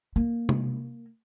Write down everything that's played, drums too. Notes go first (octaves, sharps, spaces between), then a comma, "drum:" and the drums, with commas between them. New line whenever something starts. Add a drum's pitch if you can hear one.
A#3
drum: tom C3